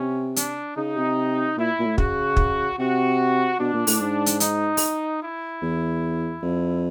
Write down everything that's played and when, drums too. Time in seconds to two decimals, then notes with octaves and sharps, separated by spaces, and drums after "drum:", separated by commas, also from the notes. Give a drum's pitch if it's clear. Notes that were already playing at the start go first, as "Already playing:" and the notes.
Already playing: C3 C#4
0.36 D4, drum: hi-hat
0.76 C#3 D#4
0.97 C3
1.57 A#2 E4
1.80 A#2
1.85 A2
1.98 C#3 F#4, drum: kick
2.37 drum: kick
2.79 C3 F#4
3.59 B2 D4
3.74 A#2
3.87 A2, drum: open hi-hat
4.01 G#2
4.26 drum: hi-hat
4.40 D#4, drum: hi-hat
4.77 drum: open hi-hat
5.22 E4
5.62 E2
6.43 F2